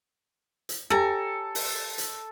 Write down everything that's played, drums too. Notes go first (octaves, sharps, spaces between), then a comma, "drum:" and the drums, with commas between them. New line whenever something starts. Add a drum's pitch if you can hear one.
drum: hi-hat
G4 A4 C#5 G5 G#5 A#5, drum: rim click
drum: open hi-hat
drum: hi-hat